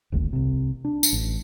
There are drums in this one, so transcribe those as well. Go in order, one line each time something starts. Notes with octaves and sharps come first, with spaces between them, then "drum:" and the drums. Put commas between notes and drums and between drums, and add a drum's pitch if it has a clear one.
D#1 G#1 D2
C2 C3
D4
drum: tambourine
A1